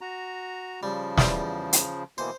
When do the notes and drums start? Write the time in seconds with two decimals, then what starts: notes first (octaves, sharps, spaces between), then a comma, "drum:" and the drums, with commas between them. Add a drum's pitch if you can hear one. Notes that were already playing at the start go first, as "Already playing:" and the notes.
0.01 F#4 A#5
0.83 C#3 F3 G3
1.18 E2 G3 C5, drum: snare
1.73 drum: hi-hat
2.18 B2 E3 A#3 C5